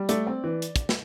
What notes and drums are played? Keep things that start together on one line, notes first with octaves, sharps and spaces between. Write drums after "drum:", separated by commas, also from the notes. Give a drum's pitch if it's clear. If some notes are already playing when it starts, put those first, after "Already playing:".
Already playing: G3
A3 D5, drum: hi-hat
C4
E3
drum: hi-hat
drum: kick, hi-hat
drum: snare